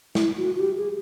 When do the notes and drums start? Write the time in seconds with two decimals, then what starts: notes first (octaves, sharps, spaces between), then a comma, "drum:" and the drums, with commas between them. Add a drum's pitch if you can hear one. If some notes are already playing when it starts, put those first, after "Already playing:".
0.15 E4, drum: snare
0.37 F#4
0.55 F#4
0.59 G4
0.77 G#4